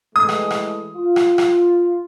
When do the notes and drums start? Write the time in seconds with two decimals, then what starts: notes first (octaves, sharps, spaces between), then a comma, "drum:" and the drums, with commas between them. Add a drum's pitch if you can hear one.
0.16 E3 G#3 A3 D#6
0.29 drum: rim click
0.51 drum: rim click
0.94 F4
1.16 drum: rim click
1.38 drum: rim click